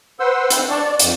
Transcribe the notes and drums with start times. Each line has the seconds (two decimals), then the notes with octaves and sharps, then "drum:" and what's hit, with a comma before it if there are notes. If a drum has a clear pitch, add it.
0.20 B4 C5 F#5 C6 E6
0.50 C4, drum: hi-hat
0.70 D4 D5 A5 C#6
0.84 D5
1.00 F2, drum: hi-hat